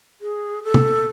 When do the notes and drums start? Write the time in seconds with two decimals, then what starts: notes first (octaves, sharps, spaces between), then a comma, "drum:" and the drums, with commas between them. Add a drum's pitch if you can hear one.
0.21 G#4
0.63 A4
0.74 drum: tom